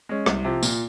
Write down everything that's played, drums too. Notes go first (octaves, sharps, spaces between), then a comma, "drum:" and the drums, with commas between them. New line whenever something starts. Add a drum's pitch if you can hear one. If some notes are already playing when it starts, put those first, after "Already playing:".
G#3 C#4
C2, drum: rim click
C3 F3
A#2, drum: tambourine